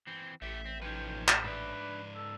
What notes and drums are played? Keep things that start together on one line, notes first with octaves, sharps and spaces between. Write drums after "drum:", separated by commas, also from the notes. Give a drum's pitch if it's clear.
E3 C4
A1 A3 G4 E5
C4
F3 C#4 D#4 B4 G5
drum: clap
G#2 D4 B4 D5 E5
A4